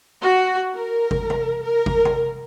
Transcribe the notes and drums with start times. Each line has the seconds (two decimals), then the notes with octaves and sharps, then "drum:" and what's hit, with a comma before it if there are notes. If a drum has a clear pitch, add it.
0.22 F#4
0.73 A#4
1.11 drum: kick
1.30 drum: tom
1.63 A#4
1.86 drum: kick
2.05 drum: tom